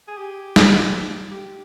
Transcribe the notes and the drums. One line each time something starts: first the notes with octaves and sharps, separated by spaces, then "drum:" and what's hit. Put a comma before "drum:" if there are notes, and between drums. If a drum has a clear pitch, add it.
G#4
G4
drum: snare
G4